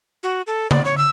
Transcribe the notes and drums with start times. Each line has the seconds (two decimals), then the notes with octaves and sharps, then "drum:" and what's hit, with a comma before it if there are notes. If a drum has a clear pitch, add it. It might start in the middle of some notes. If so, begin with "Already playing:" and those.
0.23 F#4
0.47 A4
0.71 D5, drum: tom C#3
0.85 C#5
0.98 E6